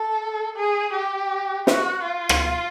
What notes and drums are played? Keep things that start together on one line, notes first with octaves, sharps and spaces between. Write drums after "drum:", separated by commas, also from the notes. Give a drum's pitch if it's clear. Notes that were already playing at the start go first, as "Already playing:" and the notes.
Already playing: A4
G#4
G4
F#4, drum: snare
F4
drum: rim click